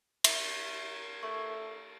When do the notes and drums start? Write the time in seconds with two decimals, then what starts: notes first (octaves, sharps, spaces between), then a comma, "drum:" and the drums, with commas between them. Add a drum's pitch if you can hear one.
0.24 A#4 E5 G#6, drum: cymbal
1.23 A3 C#6